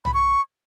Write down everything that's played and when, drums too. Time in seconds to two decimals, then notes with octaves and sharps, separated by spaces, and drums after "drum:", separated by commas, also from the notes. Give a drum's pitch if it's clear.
0.05 B5, drum: tom
0.14 C#6